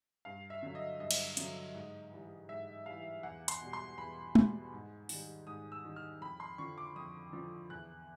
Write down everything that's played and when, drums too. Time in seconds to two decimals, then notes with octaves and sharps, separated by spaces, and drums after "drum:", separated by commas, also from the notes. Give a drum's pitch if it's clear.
0.25 G2 F5
0.50 E5
0.63 D3 F#3
0.75 D#5
1.00 G2 D#5
1.11 drum: cymbal
1.37 D3 F#3, drum: hi-hat
1.74 G#2
2.11 E3 G3
2.49 G#2 E5
2.86 E3 G3 F5
3.23 E2 F#5
3.48 C6, drum: hi-hat
3.60 B2 G3
3.73 C6
3.98 E2 B5
4.35 B2 G3, drum: tom
4.73 G#2
5.09 D#3 G3, drum: open hi-hat
5.47 G#2 D#6
5.72 E6
5.84 D#3 G3
5.96 F6
6.21 F2 B5
6.40 C6
6.58 D3 F3 C#6
6.78 D6
6.96 F2 D#6
7.33 D3 F3
7.70 E2 F#6